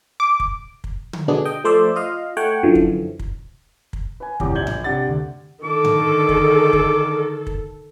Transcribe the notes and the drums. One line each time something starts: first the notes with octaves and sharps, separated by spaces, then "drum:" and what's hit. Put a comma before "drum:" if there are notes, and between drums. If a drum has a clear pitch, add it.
D6
drum: kick
drum: kick
drum: tom D3
B2 D3 G#3 B3 D4 G#4
D#5 G5
F3 A3 C5 D5 E5
F4 D#5 F5
A3 C#5 F#5 G5
F#2 D3 E3 F3
drum: kick
drum: kick
drum: kick
B4 G#5
A1 E2 C3 G4 D6, drum: kick
A#1 D5 G6 G#6 F#7
drum: tom G#2
C3 D4 G4 F#5 A6
D2
D3 D#3 A4 D6
drum: tom G#2
drum: kick
drum: kick
drum: kick